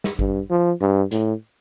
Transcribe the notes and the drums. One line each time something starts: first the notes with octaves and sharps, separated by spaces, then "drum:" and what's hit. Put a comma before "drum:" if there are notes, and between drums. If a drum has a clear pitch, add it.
drum: snare
G2, drum: kick G#1
F3
G2
A2, drum: hi-hat